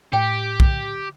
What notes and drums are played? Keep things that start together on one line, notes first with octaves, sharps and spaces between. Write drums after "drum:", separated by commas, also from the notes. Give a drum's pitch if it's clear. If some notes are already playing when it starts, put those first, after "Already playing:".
A2 G4 G5
drum: kick